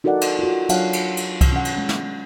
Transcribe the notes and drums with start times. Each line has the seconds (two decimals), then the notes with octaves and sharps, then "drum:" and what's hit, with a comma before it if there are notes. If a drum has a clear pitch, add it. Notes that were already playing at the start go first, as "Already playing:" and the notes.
0.04 D#4 F#4 A4 A#4 D5 F#5
0.21 drum: cymbal
0.39 F4 F#4
0.69 F#3 D4 F4 C#5 F5 F#5, drum: cymbal
0.93 drum: cymbal
1.17 drum: cymbal
1.41 drum: kick C2, cymbal
1.52 C#4 F#5
1.65 drum: cymbal
1.77 G#3 C#4
1.89 drum: snare